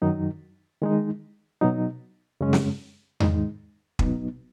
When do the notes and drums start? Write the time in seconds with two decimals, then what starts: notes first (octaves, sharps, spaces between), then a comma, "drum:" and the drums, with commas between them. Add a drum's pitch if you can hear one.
0.02 F#2 D#3 F#3 D#4
0.82 D#3 G#3 D#4
1.61 B2 F#3 D#4
2.41 F#2 C#3 G#3 C#4
2.53 drum: snare
3.20 G#2 D#3 G#3 D#4, drum: tom E2
3.99 B2 F#3 B3 D#4, drum: kick